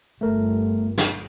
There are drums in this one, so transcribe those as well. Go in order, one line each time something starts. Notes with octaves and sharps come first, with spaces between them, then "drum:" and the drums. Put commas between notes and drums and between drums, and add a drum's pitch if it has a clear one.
G1 A3 A#4
drum: snare